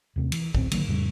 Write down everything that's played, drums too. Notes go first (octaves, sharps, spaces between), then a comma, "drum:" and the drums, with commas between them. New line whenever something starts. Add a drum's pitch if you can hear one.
D#2 C3 A3
E3, drum: cymbal
F#1 D2 A2 C4, drum: kick
D3 D#3 F#3 A#3, drum: cymbal
F2 A2 C#3 G3